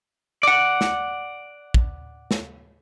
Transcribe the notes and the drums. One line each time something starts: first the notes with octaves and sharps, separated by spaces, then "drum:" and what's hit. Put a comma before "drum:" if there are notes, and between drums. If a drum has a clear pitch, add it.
D5 F#5
drum: snare
drum: kick
drum: snare